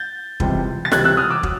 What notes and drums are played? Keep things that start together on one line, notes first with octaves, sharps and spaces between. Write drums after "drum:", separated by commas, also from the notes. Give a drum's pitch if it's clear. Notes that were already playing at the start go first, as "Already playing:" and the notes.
Already playing: G6 A6
C#2 C3 E3 G3 C4, drum: kick
A6
C#2 C3 E3 G3 C4 F#6 G#6, drum: snare
E6 F#6
D#6 F6
D6 E6
F#3, drum: kick